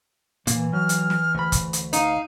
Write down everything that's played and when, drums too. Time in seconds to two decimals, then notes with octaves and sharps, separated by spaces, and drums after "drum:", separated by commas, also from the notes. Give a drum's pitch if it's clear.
0.47 A#2 E3 A#3, drum: hi-hat
0.73 F#3 F6
0.89 drum: hi-hat
1.10 drum: snare
1.35 D2 B5
1.52 drum: kick F1, hi-hat
1.73 drum: hi-hat
1.93 D#4 F5, drum: hi-hat